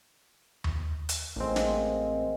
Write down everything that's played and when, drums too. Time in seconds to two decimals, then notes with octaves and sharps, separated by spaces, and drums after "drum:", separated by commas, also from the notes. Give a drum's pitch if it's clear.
0.64 drum: tom D#2
1.09 drum: hi-hat
1.36 A1 G#3 A#3 C4
1.56 drum: snare